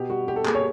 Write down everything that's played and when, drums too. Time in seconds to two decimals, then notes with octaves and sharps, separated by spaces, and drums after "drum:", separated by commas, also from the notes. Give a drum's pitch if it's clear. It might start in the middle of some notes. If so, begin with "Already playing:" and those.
Already playing: B2 G4
0.10 G3 F#4
0.27 B2 G4
0.36 A4
0.45 A#3 G#4, drum: clap
0.55 C#5